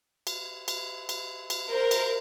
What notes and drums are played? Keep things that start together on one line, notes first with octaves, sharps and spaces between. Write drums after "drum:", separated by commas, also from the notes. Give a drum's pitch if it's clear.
drum: cymbal
drum: cymbal
drum: cymbal
drum: cymbal
A#4 C5
drum: cymbal